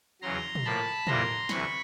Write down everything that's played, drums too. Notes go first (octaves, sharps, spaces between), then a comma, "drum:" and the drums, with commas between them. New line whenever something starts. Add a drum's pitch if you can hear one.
E2 C#3 F#3 A#5 C6
drum: tom
A2 F3 A#3 A5 B5
F2 C3 E3 G3 A#3 A#5 C6, drum: tom
D2 C3 E3 B5 C#6, drum: snare